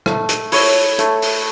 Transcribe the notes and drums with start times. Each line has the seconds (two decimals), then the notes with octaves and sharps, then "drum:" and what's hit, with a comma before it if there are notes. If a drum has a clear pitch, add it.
0.06 A3, drum: rim click
0.29 drum: hi-hat
0.52 E4 C#5, drum: open hi-hat
0.99 A3, drum: hi-hat
1.22 drum: open hi-hat